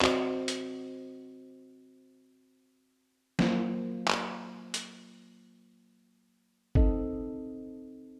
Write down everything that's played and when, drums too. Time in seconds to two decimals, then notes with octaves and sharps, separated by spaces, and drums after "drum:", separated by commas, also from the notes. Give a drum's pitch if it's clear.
0.01 C4 F#4 C5 D#5, drum: clap
0.48 drum: hi-hat
3.39 F#3 A#3 F4 C5, drum: snare
4.08 drum: clap
4.74 drum: hi-hat
6.75 C4 D#4 A4 D#5, drum: kick